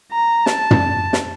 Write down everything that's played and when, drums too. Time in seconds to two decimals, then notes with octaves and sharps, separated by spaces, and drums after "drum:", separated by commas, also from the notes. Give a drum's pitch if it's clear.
0.12 A#5
0.46 A5, drum: snare
0.71 drum: tom
1.13 drum: snare